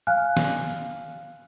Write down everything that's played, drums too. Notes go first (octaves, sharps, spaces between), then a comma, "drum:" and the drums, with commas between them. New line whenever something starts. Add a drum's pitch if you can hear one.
F5 G#5 F6 F#6
drum: snare